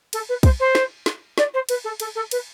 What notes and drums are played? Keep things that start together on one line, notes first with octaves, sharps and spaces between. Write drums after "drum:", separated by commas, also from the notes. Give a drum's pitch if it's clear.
A4, drum: cymbal
B4
C5, drum: kick, cymbal
C5
drum: snare
drum: snare
D5, drum: snare
C5
B4, drum: cymbal
A4
A4, drum: cymbal
A4
B4, drum: cymbal